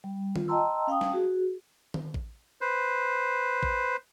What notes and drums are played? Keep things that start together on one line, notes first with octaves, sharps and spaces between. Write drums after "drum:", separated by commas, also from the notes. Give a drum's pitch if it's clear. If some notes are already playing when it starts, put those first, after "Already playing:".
G3
F4, drum: tom D#3
D#5 G5 A5 A#5 C6 E6
C#4 F5 G5 A5 D#6
drum: snare
F#4 G#4
drum: tom D#3
drum: kick A1
B4 C5
drum: kick A1